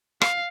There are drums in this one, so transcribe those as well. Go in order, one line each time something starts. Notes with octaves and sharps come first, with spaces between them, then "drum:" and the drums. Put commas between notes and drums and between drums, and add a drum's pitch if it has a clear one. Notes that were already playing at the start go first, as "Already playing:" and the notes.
F5, drum: rim click